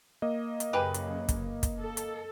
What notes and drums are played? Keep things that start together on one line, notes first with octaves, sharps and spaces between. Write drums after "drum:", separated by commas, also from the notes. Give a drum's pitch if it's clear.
A#3 D#5
drum: hi-hat
F#2 C#3 G4 G#4 B4
drum: hi-hat
drum: kick, hi-hat
drum: kick, hi-hat
A4
drum: hi-hat